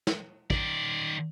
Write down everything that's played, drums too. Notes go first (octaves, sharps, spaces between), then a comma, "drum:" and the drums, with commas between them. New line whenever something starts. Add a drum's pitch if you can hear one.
drum: snare
D#3 D5, drum: kick